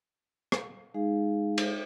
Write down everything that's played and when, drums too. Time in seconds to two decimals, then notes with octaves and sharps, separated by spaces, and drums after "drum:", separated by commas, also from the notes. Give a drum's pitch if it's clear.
0.52 drum: rim click
0.94 G#3 D#4 G#4 F5
1.58 drum: cymbal